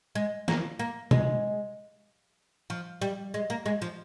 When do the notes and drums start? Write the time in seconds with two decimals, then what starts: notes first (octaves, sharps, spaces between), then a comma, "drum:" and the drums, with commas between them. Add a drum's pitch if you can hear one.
0.15 G#3
0.48 A#3, drum: snare
0.79 A#3
1.11 G#3, drum: tom
2.70 F3
3.02 G3
3.34 G#3
3.50 A#3
3.66 G#3
3.82 F3